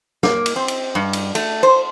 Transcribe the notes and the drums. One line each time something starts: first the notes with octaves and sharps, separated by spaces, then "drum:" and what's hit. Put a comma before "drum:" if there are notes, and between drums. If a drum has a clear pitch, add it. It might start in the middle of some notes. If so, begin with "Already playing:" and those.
A#3, drum: snare
drum: cymbal
C4
drum: cymbal
G2
drum: cymbal
A3, drum: cymbal
C5